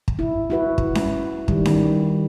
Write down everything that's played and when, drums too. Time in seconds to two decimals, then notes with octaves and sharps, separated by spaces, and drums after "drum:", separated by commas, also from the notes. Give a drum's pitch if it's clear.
0.08 drum: kick
0.19 E4
0.50 E4 F#4 B4
0.78 drum: kick
0.95 drum: snare C#4
1.48 D#3 G3, drum: kick
1.65 drum: snare C#4